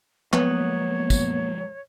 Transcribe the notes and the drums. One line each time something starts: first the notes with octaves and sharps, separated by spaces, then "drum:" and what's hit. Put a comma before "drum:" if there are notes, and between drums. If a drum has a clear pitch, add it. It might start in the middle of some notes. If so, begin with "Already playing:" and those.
F3 F#3 G#3 A#3 B3 C#5 F#5 D#6, drum: clap
drum: kick, tambourine